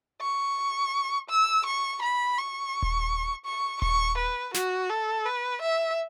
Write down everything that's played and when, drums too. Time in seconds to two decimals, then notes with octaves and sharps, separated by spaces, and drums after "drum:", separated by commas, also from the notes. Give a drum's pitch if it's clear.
0.21 C#6
1.30 E6
1.66 C#6
2.02 B5
2.38 C#6
2.82 drum: kick D#1
3.46 C#6
3.82 C#6, drum: kick D#1
4.18 B4
4.54 F#4, drum: snare
4.90 A4
5.26 B4
5.62 E5